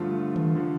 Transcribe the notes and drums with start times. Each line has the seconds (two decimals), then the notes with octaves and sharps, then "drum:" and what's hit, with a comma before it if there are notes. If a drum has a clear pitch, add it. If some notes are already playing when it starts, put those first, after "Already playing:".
Already playing: G2 D3 F3 A3 F4
0.36 drum: tom D#3
0.55 D3 F3